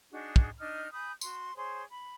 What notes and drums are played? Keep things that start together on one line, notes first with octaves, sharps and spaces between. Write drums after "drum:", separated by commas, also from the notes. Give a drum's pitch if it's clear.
D4 D#4 F#4 G#4
drum: kick
D4 D#4 D#5 F6
G#5 B5 D#6 G6
F#4 C6, drum: tambourine
G#4 C5 C#5 C6
B5